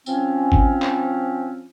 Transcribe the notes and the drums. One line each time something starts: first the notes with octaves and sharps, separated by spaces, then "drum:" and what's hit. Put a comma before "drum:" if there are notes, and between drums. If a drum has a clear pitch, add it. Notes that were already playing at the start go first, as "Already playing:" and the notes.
F3 C4 C#4, drum: tambourine
drum: kick A1
drum: clap